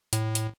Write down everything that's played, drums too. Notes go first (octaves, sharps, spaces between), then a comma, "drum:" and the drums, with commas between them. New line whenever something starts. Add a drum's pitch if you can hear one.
A2, drum: hi-hat
drum: hi-hat